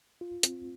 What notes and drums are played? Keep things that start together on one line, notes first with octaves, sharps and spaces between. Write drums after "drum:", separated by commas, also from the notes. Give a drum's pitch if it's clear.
F4
C4, drum: hi-hat